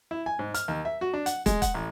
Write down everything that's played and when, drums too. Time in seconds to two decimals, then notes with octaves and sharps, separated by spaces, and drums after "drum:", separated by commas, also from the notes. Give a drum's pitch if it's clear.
0.11 E4
0.26 G#5
0.39 G#2
0.54 F6, drum: hi-hat
0.68 D#2
0.85 E5
1.01 F#4
1.14 D4
1.26 F#5, drum: hi-hat
1.46 G#3, drum: kick, hi-hat
1.62 F#5, drum: kick, hi-hat
1.74 A1